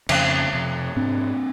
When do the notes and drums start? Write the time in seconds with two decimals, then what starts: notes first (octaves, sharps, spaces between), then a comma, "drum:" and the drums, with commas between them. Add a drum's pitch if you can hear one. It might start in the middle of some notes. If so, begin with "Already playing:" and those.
0.09 F2 C#3, drum: cymbal
0.53 F2 C3
0.96 G#2 C4 D4